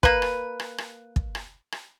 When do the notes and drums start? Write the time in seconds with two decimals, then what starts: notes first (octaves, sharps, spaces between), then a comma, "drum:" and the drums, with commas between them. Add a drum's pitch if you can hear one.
0.03 A#3 B4, drum: kick
0.22 drum: rim click
0.60 drum: rim click
0.78 drum: rim click
1.16 drum: kick
1.35 drum: rim click
1.72 drum: rim click